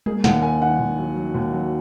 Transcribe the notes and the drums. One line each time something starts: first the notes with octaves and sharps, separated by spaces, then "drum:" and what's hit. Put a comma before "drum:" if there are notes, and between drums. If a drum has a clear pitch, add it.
A#3 G#4, drum: tom G3
D#2 F#5, drum: snare
A#3 G#5
D#3 F#5
D#2
F#3
F#3
D#2
F#3